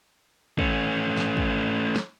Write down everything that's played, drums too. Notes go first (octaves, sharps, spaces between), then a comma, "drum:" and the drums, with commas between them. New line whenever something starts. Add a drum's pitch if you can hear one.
A3 C#4, drum: kick
drum: snare
drum: kick
drum: snare